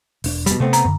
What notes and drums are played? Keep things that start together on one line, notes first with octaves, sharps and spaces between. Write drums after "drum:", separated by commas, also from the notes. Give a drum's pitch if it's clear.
E1 D4, drum: open hi-hat
B2 G3, drum: hi-hat
C3 A3 B3 C4
A#5, drum: hi-hat
F#2 D3